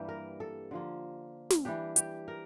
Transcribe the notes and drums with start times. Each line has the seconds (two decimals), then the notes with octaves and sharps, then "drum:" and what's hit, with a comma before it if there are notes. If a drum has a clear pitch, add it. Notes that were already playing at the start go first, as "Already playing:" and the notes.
Already playing: G2 E3 G3 A#3 G4
0.09 A#4
0.40 A4
0.71 D3 F3 A#3
1.50 drum: snare
1.65 E3 G3 D4 G4
1.96 G4, drum: hi-hat
2.28 A#4